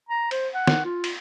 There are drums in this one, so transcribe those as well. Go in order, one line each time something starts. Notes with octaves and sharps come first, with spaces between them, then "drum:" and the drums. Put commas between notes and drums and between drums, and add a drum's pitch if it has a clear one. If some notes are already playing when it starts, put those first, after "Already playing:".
A#5
C5, drum: cymbal
F#5
drum: snare
F4
drum: cymbal